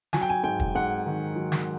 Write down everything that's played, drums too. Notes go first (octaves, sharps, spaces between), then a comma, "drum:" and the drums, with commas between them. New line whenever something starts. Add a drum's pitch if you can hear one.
F#3 G#5, drum: snare
G5
G#5
G#2 G5
drum: kick
G#2 F#5
D#3
F#3
drum: snare